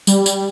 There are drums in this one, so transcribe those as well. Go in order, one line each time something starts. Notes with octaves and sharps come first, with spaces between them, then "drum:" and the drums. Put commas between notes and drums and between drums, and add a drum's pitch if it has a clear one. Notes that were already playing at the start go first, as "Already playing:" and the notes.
G3, drum: tambourine
drum: tambourine